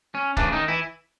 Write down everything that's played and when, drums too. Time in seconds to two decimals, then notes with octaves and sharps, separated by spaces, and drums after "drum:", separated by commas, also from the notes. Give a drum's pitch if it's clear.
0.15 C#4
0.37 C#3 E3 A3 D4, drum: kick C#1
0.53 D#3 D#4
0.68 E3 E4